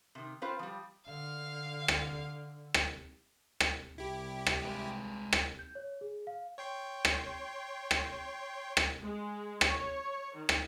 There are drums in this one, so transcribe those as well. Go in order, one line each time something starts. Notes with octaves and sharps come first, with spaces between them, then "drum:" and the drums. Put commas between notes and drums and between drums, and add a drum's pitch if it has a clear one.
C3 D#3
C4 F4 B4 C5
F3 G3
D3 F5
drum: rim click
drum: rim click
drum: rim click
C2 E4 G4
drum: rim click
G#3 B4
drum: rim click
G6
C#5
G#4
F5
C#5 G5 C6
drum: rim click
drum: rim click
drum: rim click
G#3
C#5, drum: rim click
D#3
drum: rim click